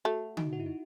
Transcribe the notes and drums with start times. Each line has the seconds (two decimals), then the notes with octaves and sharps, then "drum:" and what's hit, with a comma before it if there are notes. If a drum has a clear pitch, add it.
0.05 A3 F#4
0.37 D#4, drum: tom D3
0.53 F#4
0.60 E4
0.66 D#4